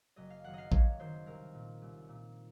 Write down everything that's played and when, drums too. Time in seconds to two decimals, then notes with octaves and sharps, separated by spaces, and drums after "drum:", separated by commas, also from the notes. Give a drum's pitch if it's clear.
0.16 F#1 D#5
0.30 F5
0.44 F#2 D#3 F#5
0.53 D#5 F5
0.72 F#1 C#5, drum: kick A1
0.99 F#2 D#3 C5
1.26 C2 A#4
1.54 A#2
1.82 C2
2.09 A#2